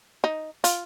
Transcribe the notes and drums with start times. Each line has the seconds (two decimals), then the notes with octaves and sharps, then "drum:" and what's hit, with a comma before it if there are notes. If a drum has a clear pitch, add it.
0.24 D#4
0.64 F4, drum: hi-hat